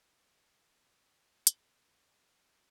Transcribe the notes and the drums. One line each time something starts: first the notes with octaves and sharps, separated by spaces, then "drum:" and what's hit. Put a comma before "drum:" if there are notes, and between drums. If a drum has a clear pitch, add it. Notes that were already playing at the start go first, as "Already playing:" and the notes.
G#4 G#5 A5 C6, drum: hi-hat